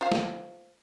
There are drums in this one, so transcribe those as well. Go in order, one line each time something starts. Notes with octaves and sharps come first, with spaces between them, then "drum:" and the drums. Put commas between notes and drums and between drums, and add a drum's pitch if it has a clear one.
F4 C5 F5
drum: snare